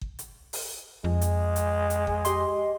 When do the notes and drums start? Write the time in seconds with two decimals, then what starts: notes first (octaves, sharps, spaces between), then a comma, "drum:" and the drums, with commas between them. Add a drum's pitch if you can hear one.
0.01 drum: kick G1
0.19 drum: hi-hat
0.53 drum: open hi-hat
1.04 F2 G#3
1.21 drum: hi-hat
1.56 drum: hi-hat
1.90 drum: hi-hat
2.07 drum: kick G1
2.25 G4 D#5 C6, drum: hi-hat